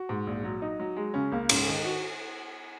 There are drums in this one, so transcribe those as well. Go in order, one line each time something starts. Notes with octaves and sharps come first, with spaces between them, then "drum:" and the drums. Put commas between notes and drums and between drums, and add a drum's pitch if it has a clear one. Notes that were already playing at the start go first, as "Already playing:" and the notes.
Already playing: F#4
G#2
A#1
F#3
D#4
F#3
G#3
C#3 C#4
C#2 A#3
G#2 C#4, drum: cymbal
D#3 D#4
F#4